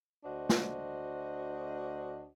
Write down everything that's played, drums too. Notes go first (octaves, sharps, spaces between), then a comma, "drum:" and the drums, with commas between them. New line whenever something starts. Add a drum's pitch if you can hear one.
D2 D4 F#4 C5 D#5
drum: snare